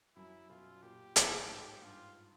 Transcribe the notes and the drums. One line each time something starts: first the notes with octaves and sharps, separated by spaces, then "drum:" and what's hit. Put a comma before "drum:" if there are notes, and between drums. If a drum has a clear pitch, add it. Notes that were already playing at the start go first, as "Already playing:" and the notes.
F#2 E4
B2 F4
A#2 G4
A2 G#4, drum: hi-hat
G#2 G4
G2 F4